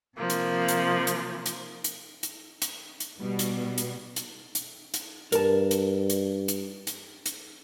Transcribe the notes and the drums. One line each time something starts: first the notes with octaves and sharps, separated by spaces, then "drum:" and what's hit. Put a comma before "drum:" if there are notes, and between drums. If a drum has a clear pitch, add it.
C3 F3 A#3
drum: hi-hat
drum: hi-hat
drum: hi-hat
drum: hi-hat
drum: hi-hat
drum: hi-hat
drum: hi-hat
drum: hi-hat
B2 G3 B3
drum: hi-hat
drum: hi-hat
drum: hi-hat
drum: hi-hat
drum: hi-hat
G2 A#4 A5, drum: hi-hat
drum: hi-hat
drum: hi-hat
drum: hi-hat
drum: hi-hat
drum: hi-hat